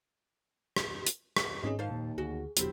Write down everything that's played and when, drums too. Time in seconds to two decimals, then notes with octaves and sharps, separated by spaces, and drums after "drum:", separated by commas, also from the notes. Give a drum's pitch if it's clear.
0.76 drum: rim click
1.07 drum: hi-hat
1.37 drum: rim click
1.63 G#1 G#2 E3 G#3 C#4 G#4 D#5
1.79 F2 D#3 C5 F5 A5
1.91 D#2 A#2
2.18 D2 F#4 G#4
2.57 E1 D#2 D3 F#3 B3 C4 E4 G4, drum: hi-hat